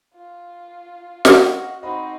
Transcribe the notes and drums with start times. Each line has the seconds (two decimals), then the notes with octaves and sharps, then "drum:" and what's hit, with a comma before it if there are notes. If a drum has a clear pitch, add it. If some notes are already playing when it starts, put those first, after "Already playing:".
0.15 F4
1.25 drum: snare
1.35 F#4 D#5 F5
1.83 C4 D#4 F#4 D#5 B5